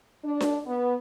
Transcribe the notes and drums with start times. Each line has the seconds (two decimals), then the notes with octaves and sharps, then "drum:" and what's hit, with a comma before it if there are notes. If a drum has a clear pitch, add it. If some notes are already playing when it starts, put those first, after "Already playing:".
0.24 D4
0.41 drum: snare D4
0.66 B3